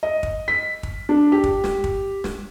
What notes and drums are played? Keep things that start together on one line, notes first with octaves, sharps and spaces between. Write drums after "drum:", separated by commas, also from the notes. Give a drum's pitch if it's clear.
D#5
drum: kick
B6
drum: kick
D4
G4
drum: kick
drum: snare
drum: kick
drum: snare